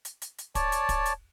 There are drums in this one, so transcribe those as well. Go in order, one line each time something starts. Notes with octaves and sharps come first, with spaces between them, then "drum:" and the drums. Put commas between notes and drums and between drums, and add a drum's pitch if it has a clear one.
drum: hi-hat
drum: hi-hat
drum: hi-hat
C#5 D5 A5, drum: kick, hi-hat
drum: hi-hat
drum: kick, hi-hat
drum: hi-hat